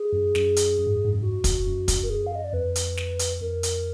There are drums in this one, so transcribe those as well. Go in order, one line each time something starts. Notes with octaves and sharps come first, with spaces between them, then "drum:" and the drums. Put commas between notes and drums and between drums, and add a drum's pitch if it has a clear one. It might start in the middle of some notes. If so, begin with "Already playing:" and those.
Already playing: G#4
F#2
F#2, drum: snare
drum: hi-hat
F#2
G#2
F#2
G#2
F#2
G#2 F#4
F#2
drum: kick, hi-hat
F#2
drum: kick, hi-hat
A#4
G#4
F5
D#5
D5
F2 B4
drum: hi-hat
drum: snare
drum: hi-hat
F2 A#4
drum: hi-hat